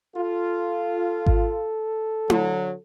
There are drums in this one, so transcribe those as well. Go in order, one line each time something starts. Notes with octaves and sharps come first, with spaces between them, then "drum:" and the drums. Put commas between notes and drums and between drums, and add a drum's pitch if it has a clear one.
F4 A4
drum: kick G#1
D3 F#3, drum: tom E4